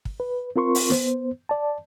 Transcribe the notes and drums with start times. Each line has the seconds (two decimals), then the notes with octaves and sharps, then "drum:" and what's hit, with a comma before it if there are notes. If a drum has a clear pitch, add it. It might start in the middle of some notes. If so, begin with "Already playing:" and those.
0.05 drum: kick
0.20 B4
0.56 C4 F4 A#4 C6 C#6
0.75 drum: open hi-hat
0.90 B3 C5, drum: snare
1.49 D5 A5